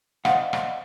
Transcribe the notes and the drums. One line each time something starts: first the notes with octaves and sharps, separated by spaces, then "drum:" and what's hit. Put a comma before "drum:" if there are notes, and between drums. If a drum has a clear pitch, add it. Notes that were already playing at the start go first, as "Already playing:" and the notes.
C5 D5 D#5 F5 F#5, drum: rim click
drum: rim click